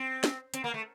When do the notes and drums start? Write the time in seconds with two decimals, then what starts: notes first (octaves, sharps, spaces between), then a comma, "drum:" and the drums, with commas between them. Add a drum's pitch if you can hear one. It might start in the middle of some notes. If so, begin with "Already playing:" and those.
Already playing: C4
0.24 drum: snare
0.54 C4, drum: hi-hat
0.64 A#3
0.74 A3